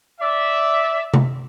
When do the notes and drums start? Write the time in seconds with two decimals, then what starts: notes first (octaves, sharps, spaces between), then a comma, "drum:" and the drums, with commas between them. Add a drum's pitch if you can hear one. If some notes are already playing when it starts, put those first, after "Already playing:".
0.21 D5 E5
1.14 drum: tom C3